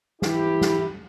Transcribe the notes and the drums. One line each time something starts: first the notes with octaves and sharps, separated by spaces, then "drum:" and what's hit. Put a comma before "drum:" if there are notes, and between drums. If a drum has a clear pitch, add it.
E3 E4 G4, drum: snare
drum: snare